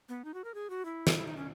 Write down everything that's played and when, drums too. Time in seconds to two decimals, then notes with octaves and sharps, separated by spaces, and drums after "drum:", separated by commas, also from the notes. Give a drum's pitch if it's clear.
0.09 B3
0.25 D#4
0.34 F#4
0.44 A#4
0.54 G#4
0.70 F#4
0.85 E4
1.07 drum: snare
1.17 E4
1.26 D#4
1.37 C#4